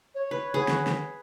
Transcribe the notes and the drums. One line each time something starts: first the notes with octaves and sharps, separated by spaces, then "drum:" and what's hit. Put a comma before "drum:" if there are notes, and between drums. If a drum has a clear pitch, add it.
C#5
B4
G#4 B4 F#5
drum: snare
drum: snare